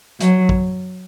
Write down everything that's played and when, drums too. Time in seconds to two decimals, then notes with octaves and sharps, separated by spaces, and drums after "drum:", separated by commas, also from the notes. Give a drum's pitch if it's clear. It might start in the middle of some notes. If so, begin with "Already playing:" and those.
0.21 F#3, drum: hi-hat
0.49 drum: kick